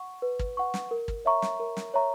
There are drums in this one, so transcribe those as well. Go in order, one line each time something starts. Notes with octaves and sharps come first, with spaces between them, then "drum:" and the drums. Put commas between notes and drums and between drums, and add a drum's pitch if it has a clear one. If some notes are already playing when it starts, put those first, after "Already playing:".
Already playing: F#5 C#6
B4
drum: kick
F#5 C#6
drum: snare
A#4
drum: kick
C#5 E5 A#5 C#6
drum: snare
A#4
drum: snare
C#5 E5 A#5 C#6